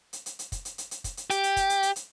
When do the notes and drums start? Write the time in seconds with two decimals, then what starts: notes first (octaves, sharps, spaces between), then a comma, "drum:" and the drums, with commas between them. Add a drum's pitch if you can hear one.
0.13 drum: hi-hat
0.26 drum: hi-hat
0.39 drum: hi-hat
0.52 drum: kick, hi-hat
0.65 drum: hi-hat
0.78 drum: hi-hat
0.91 drum: hi-hat
1.04 drum: kick, hi-hat
1.17 drum: hi-hat
1.30 G4, drum: hi-hat
1.43 drum: hi-hat
1.57 drum: kick, hi-hat
1.70 drum: hi-hat
1.83 drum: hi-hat
1.96 drum: hi-hat